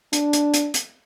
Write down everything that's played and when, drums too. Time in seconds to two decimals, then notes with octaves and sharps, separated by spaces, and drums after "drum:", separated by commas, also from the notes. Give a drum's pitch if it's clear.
0.13 D4, drum: hi-hat
0.33 drum: hi-hat
0.54 drum: hi-hat
0.74 drum: hi-hat